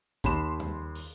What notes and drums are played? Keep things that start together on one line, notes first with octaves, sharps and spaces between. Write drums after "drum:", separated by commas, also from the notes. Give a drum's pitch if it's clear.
D#2 B5 C6 E7, drum: kick A#1, hi-hat
drum: tom E2
drum: open hi-hat